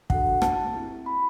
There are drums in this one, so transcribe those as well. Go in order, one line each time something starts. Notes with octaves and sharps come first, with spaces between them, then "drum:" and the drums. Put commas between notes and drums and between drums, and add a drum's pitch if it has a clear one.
D4 F#4 A4 F#5, drum: kick
A5, drum: rim click
C4 E4 G4
B5